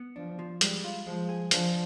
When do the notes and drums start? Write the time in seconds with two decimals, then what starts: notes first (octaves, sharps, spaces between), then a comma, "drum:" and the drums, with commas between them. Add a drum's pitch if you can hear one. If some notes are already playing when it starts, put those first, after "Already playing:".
Already playing: B3
0.16 F3 D4
0.39 F3
0.61 G3 G#3, drum: hi-hat
0.84 F4
1.07 F3 G#3
1.29 G#4
1.51 F3 D4, drum: hi-hat